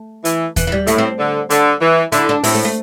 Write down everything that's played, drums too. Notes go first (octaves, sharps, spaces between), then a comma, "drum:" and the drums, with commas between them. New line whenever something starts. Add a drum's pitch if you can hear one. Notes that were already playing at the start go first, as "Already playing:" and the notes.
Already playing: A3
E3, drum: hi-hat
E3, drum: kick D#2, hi-hat
E3
G3
A2 A3, drum: hi-hat
C4
D3
D3, drum: hi-hat
E3
D3 E4, drum: hi-hat
D4
A2 C4, drum: open hi-hat
A3
A3